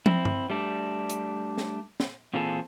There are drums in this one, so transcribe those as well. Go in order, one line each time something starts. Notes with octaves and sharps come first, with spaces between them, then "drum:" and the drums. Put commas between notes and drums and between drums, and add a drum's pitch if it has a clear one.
C4 E4, drum: tom
drum: tom G2
G3 A3 D4
drum: hi-hat
drum: snare
drum: snare
A#2 E3 C4 F4 G#4 A4